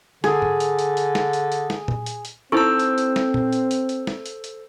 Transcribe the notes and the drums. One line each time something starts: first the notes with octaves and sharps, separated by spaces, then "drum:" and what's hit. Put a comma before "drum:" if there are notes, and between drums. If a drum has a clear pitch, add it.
D3 G#4, drum: snare
drum: tom G#2
drum: hi-hat
drum: hi-hat
drum: hi-hat
drum: snare
drum: hi-hat
drum: hi-hat
drum: snare
drum: tom A#2
drum: hi-hat
drum: hi-hat
C4 D#4 E4 A4 C5 C#6 E6
drum: hi-hat
drum: hi-hat
drum: snare
drum: tom A#2
drum: hi-hat
drum: hi-hat
drum: hi-hat
drum: snare
drum: hi-hat
drum: hi-hat